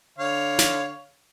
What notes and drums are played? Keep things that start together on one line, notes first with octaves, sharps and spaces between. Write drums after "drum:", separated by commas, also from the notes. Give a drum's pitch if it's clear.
D3 C#5 F5
drum: snare